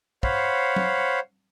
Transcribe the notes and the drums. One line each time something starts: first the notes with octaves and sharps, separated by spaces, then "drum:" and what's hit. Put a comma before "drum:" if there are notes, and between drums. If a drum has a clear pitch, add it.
C5 C#5 F5 F#5 B5, drum: kick
drum: tom